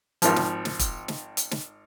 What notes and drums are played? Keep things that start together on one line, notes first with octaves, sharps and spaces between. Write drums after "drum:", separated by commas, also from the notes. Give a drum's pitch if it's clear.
G#1 F3, drum: hi-hat
drum: snare
drum: snare
drum: kick E1, hi-hat
drum: snare
drum: hi-hat
drum: snare